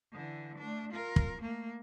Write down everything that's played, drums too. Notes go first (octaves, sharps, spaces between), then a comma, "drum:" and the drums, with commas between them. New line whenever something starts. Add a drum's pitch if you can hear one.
D3 E3
A3 D4
F4 A#4
drum: kick
A3 A#3